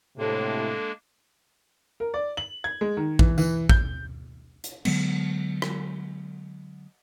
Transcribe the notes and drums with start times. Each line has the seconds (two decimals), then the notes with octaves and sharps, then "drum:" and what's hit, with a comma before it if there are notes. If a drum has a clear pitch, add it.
0.18 A2 C3 G#3 A#3 D4 A4
2.00 A#4
2.14 D5
2.37 F#7
2.64 G#6
2.81 G#3
2.97 D#3
3.19 E3, drum: kick
3.38 E3, drum: tambourine
3.69 G6, drum: kick
4.64 drum: hi-hat
4.85 D3 F#3 G#3 B3, drum: cymbal
5.62 drum: rim click